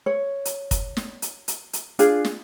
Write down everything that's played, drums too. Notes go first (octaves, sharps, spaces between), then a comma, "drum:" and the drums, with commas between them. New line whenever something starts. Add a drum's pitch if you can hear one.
C#5
drum: hi-hat
drum: kick, hi-hat
drum: snare
drum: hi-hat
drum: hi-hat
drum: hi-hat
D4 F4 G#4, drum: hi-hat
drum: snare